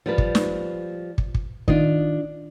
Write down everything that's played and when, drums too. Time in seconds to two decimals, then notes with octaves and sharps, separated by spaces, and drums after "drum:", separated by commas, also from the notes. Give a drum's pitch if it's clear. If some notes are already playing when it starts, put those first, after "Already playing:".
0.06 F3 G3 B4
0.18 drum: kick
0.35 drum: snare
1.18 drum: kick
1.34 drum: kick
1.68 D#3 D4 F4 D#5, drum: kick